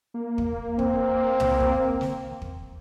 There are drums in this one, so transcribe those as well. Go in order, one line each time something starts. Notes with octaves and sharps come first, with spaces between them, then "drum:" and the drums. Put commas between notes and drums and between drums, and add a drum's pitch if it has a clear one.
A#3
drum: kick
C4, drum: kick
drum: tom C2
drum: kick
drum: snare
drum: kick